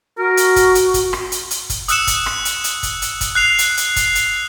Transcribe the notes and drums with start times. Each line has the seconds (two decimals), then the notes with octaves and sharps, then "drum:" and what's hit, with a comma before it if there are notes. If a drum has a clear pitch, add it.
0.18 F#4 A#4
0.37 drum: hi-hat
0.56 drum: kick, hi-hat
0.75 drum: hi-hat
0.94 drum: kick, hi-hat
1.13 drum: rim click
1.32 drum: hi-hat
1.51 drum: hi-hat
1.70 drum: kick, hi-hat
1.88 D#6 E6 F#6 C#7 E7, drum: hi-hat
2.07 drum: kick, hi-hat
2.26 drum: rim click
2.45 drum: hi-hat
2.64 drum: hi-hat
2.83 drum: kick, hi-hat
3.02 drum: hi-hat
3.21 drum: kick, hi-hat
3.35 F#6 C7 F7
3.58 drum: hi-hat
3.77 drum: hi-hat
3.96 drum: kick, hi-hat
4.15 drum: hi-hat